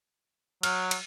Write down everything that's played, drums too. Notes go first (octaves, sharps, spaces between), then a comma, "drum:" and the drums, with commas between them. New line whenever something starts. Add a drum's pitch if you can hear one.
F#3 F6, drum: cymbal
drum: cymbal